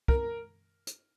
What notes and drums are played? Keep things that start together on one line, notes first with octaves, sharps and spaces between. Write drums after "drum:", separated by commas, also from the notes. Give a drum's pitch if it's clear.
A#4, drum: kick
drum: hi-hat